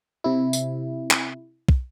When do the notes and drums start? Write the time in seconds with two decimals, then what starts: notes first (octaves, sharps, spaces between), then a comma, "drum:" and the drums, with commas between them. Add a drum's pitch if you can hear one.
0.24 C3 E4
0.53 drum: tambourine
1.11 drum: clap
1.69 drum: kick